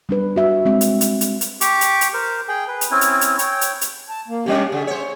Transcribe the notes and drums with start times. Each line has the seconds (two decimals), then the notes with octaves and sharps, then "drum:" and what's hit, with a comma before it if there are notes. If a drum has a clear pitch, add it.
0.09 G3 D4 B4
0.36 F#4 E5
0.65 G#3 C4 E5
0.81 drum: hi-hat
1.01 drum: hi-hat
1.21 drum: hi-hat
1.41 drum: hi-hat
1.61 G4 C#6 D6, drum: hi-hat
1.81 drum: hi-hat
2.01 drum: hi-hat
2.14 A#4 C5
2.48 G#4 G5
2.68 B4
2.81 drum: hi-hat
2.91 C4 C#4 E4
3.01 drum: hi-hat
3.21 drum: hi-hat
3.39 C#5 G5, drum: hi-hat
3.61 drum: hi-hat
3.81 drum: hi-hat
4.09 A5
4.28 A#3
4.46 C3 G3 C#4 D4 G4
4.72 C#3 G#4 E5
4.87 C5 C#5